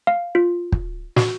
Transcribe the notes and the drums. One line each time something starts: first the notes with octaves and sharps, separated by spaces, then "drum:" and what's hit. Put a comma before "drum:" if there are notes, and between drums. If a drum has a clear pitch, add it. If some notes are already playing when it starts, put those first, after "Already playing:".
F5
F4
drum: kick
F#4, drum: snare